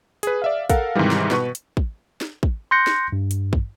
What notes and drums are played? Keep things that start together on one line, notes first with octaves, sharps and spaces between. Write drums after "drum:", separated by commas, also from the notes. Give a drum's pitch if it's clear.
G#4 B4, drum: hi-hat
D5 E5 F5
A4 A#4 F5 F#5, drum: kick, hi-hat
G#2 C3 D#3 E3 G3
drum: snare
B2 B4 C#6, drum: snare
drum: hi-hat
drum: kick
drum: snare
drum: kick
C6 F#6 G6 A#6 C#7
drum: snare
G2
drum: hi-hat
drum: kick